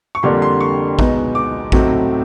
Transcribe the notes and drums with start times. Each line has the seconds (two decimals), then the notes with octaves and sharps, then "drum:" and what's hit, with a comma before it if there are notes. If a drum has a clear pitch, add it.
0.15 C#6
0.23 F2 D3 G3 A#3 D4 C6
0.42 C6
0.61 C#6
0.99 B2 G#3 B3 D#4, drum: kick A1
1.35 D6
1.72 A2 F#3 A3 C4 D#4, drum: kick A1